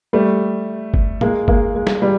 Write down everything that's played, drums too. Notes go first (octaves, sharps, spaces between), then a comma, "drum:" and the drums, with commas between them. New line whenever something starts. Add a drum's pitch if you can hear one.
G3 A3
drum: kick
G#3 A#3, drum: tom A2
G#3 A#3, drum: kick
G#3
drum: snare
G3